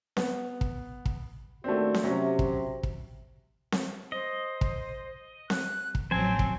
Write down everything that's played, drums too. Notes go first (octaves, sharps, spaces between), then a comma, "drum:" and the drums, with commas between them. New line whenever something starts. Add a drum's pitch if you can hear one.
B3, drum: snare C4
drum: kick
drum: kick
D#2 A3 C4 D4 F#4
drum: snare C4
C3 F#3 C#4
drum: kick
drum: kick
drum: snare C4
C5 D#5
drum: kick
F#6, drum: snare C4
drum: kick
A1 F3 F#3 C4 C5 G#5 A5
drum: kick